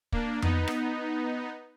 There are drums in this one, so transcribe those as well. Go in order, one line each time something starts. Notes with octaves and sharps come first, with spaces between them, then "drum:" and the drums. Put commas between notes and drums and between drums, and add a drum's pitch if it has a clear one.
A#3 D4, drum: kick
B3 D#4, drum: tom F2
drum: rim click